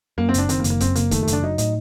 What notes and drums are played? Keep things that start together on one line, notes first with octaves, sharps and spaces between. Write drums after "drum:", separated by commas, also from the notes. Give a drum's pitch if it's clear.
F#2 A#3
C4
F#1 D4, drum: hi-hat
D#3 C4, drum: hi-hat
A#3
F#1, drum: hi-hat
A#3
F#2 C4, drum: kick C#1, hi-hat
F#1 A#3, drum: hi-hat
D#3 A3, drum: kick C#1, hi-hat
A3
F#1, drum: hi-hat
D4
F#3 D#4
A2 D#4, drum: hi-hat